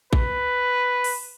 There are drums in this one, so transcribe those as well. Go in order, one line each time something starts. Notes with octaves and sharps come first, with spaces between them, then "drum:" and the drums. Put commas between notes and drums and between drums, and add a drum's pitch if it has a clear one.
B4, drum: kick A#1
drum: open hi-hat